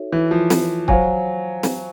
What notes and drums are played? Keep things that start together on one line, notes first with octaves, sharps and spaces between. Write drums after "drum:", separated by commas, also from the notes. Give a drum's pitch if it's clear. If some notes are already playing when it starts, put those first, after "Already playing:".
Already playing: D#4 F#4 A4 C#5 E5
E3
F3
drum: snare
F#3 C5 F5 G#5, drum: kick
drum: snare